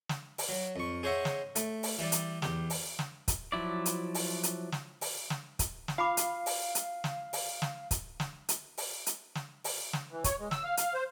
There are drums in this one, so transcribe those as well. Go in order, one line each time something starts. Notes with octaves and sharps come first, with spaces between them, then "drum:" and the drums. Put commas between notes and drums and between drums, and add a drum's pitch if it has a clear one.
drum: snare
drum: open hi-hat
F#3
F2 C#6
G#4 C5 C#5 D#5 E5 F#5
drum: snare
A3, drum: hi-hat
drum: open hi-hat
E3 G3 D5
drum: hi-hat
E2 G4, drum: snare
drum: open hi-hat
drum: snare
drum: kick, hi-hat
F3 F#3 E4 D5
drum: hi-hat
drum: open hi-hat
drum: hi-hat
drum: snare
drum: open hi-hat
drum: snare
drum: kick, hi-hat
drum: snare
F4 F5 B5 D6
drum: hi-hat
drum: open hi-hat
drum: hi-hat
drum: snare
drum: open hi-hat
drum: snare
drum: kick, hi-hat
drum: snare
drum: hi-hat
drum: open hi-hat
drum: hi-hat
drum: snare
drum: open hi-hat
drum: snare
E3
C#5, drum: kick, hi-hat
G#3
E6, drum: snare
F5
F5, drum: hi-hat
C5